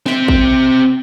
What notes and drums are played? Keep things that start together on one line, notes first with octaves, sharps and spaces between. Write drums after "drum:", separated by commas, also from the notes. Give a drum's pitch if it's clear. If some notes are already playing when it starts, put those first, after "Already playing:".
C4 E5, drum: snare
drum: kick